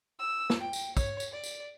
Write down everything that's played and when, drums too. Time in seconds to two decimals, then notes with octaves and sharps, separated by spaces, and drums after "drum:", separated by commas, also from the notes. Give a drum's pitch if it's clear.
0.19 E6
0.50 drum: snare
0.61 G5
0.73 drum: tambourine
0.97 C#5, drum: kick, tambourine
1.20 drum: tambourine
1.32 D5
1.44 drum: tambourine